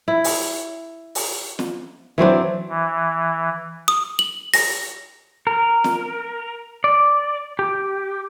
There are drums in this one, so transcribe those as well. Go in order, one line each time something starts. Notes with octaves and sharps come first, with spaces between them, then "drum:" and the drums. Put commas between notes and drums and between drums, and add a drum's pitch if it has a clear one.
E4
drum: open hi-hat
drum: open hi-hat
drum: snare
E3 F#3 C4 D4
E3
D#6
F#7
A#6, drum: open hi-hat
A#4
drum: snare
D5
G4